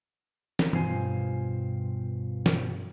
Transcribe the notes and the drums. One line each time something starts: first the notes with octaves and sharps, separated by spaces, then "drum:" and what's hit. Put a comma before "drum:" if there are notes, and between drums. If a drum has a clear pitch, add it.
drum: snare
G2 B2 F4 C5 G#5, drum: tom E3
drum: snare